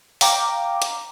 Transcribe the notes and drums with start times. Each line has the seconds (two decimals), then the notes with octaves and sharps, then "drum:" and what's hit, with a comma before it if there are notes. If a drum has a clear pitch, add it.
0.21 F5 G5 A#5 D6, drum: open hi-hat
0.82 drum: hi-hat